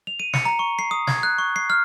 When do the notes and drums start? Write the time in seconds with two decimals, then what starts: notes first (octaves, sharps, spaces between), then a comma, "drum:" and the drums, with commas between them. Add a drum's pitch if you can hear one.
0.07 F7
0.20 D#7
0.34 C#7, drum: snare
0.45 A#5
0.59 C#6
0.79 C7
0.91 D#6
1.07 G#6, drum: snare
1.23 F#6
1.38 C#6
1.56 C7
1.70 F6